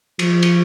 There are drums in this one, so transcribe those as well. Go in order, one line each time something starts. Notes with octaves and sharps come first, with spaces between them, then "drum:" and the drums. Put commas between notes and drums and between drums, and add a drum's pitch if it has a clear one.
F3, drum: cymbal
drum: cymbal